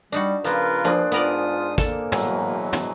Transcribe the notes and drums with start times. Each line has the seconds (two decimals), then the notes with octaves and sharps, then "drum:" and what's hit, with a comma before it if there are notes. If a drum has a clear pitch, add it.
0.12 G3 D4 D#4 F#4
0.44 C#3 F3 A#3 F4 A#4 B4
0.85 F3 A#3 D4 G#4 B4 C5
1.12 G#2 B3 F4 A#4 D5 D#6
1.78 A#3 A4, drum: kick
2.12 B2 E3 F#3 G#3, drum: tom
2.73 drum: tom